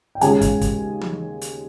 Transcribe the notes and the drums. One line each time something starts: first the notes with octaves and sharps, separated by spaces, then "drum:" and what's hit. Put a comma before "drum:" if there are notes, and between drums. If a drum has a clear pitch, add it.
G5
D#2 C#3 G#3 C#4 F4 G#5, drum: hi-hat
drum: kick, hi-hat
drum: kick, hi-hat
drum: tom E3
drum: hi-hat